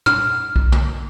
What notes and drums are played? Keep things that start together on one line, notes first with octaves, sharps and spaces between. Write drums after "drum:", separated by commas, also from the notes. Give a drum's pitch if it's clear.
F6, drum: tom
drum: kick B1
drum: tom